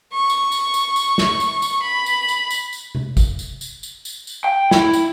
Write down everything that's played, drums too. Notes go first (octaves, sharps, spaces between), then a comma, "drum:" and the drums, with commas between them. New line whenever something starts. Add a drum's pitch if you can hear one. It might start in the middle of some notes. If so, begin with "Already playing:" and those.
C#6
drum: tambourine
drum: tambourine
drum: tambourine
drum: tambourine
drum: snare
drum: tambourine
drum: tambourine
B5
drum: tambourine
drum: tambourine
drum: tambourine
drum: tambourine
drum: tom C3
drum: kick, tambourine
drum: tambourine
drum: tambourine
drum: tambourine
drum: tambourine
drum: tambourine
G5
E4, drum: snare
drum: tambourine